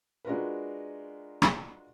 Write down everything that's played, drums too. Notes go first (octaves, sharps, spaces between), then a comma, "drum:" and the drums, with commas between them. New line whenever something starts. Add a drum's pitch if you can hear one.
G#3 D4 F4 F#4 A#4 B4
drum: rim click